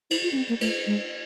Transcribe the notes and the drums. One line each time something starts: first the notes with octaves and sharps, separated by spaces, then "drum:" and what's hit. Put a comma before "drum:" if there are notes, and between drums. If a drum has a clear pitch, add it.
E4, drum: cymbal
F4
C#4
C4
A#3
A3, drum: cymbal
G#3